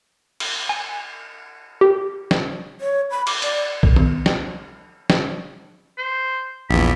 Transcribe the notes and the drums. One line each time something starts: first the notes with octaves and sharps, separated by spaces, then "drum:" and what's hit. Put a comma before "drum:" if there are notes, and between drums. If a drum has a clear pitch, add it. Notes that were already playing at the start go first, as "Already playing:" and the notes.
drum: cymbal
G#5
G4
drum: snare
C#5
B5
D6, drum: cymbal
D5, drum: hi-hat
drum: kick B1
drum: tom D#3
drum: snare
drum: snare
C5
A#1 E2 B5